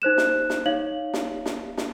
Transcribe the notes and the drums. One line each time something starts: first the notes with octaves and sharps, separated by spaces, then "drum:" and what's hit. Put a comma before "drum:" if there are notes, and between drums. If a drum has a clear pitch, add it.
D#4 C5 F#6 E7
drum: snare
drum: snare
D#4 C#5 F5 F#7
drum: snare
drum: snare
drum: snare